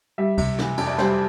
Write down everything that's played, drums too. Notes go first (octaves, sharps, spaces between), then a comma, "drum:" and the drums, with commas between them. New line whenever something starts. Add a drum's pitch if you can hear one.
G3 E5
C3, drum: kick C#2, cymbal
E3, drum: snare
F2 D5, drum: cymbal
D5
G3 C5, drum: snare